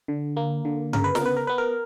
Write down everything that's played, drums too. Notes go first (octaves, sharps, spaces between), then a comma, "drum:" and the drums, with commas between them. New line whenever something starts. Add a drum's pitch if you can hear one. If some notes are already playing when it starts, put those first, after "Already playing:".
D3
A#3
D3
C#3 A#4, drum: tom G2
B4
A#4, drum: snare
B3 B4
A#4
B3 B4
A#4